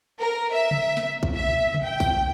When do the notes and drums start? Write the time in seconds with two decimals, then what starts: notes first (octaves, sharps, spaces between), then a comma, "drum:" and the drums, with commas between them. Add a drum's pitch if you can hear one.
0.19 A#4
0.52 E5
0.71 drum: tom C3
0.97 drum: snare
1.23 drum: kick A#1
1.34 E5
1.49 drum: tom A#2
1.74 drum: tom C3
1.83 G5
2.00 drum: kick A#1, tambourine